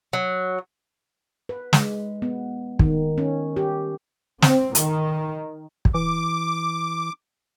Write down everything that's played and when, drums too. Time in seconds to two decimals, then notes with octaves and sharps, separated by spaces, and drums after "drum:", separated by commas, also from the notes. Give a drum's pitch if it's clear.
0.13 F#3
1.49 B4
1.73 G#3, drum: snare
2.22 B3
2.79 D#3, drum: kick
3.18 C#4
3.56 G4
4.42 C4, drum: snare
4.75 D#3, drum: hi-hat
5.85 drum: kick
5.94 E3 D6